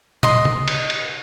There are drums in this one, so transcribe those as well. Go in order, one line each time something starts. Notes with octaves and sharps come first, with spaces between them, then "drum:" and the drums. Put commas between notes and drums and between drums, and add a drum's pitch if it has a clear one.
D#5 C6, drum: tom
drum: tom
drum: cymbal
drum: cymbal